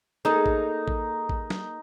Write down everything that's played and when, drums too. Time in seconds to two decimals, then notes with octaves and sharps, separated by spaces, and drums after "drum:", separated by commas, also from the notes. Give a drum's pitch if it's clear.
0.25 A#3 D#4 G#4 A4
0.46 drum: kick A1
0.88 drum: kick A1
1.29 drum: kick A1
1.50 drum: snare